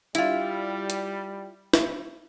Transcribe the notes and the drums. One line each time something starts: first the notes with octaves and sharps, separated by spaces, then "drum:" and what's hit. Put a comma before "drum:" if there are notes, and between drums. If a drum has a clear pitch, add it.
G3 E4 F4, drum: hi-hat
drum: hi-hat
drum: snare